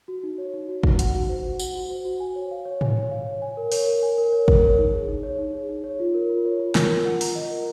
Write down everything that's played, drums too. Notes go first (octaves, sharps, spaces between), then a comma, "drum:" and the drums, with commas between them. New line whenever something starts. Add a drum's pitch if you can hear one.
F#4
D#4
C#5
D#4
F#4
D#4, drum: kick
F#5, drum: hi-hat
F#4
C5
F#4
F#5, drum: tambourine
F#4
C5
F#4
G#5
C#5
F5
C#5
G#5, drum: tom G#2
C#5
F5
C#5
G#5
A#4
C#5, drum: open hi-hat
A#4
G#5
A#4
C#5
A#4, drum: kick
C#5
D#4
G#4
D#4
C#5
D#4
G#4
D#4
C#5
F4
A#4
F4
C#5
F4
A#4, drum: snare
F4
F#5
A#5, drum: open hi-hat
D#5
A#4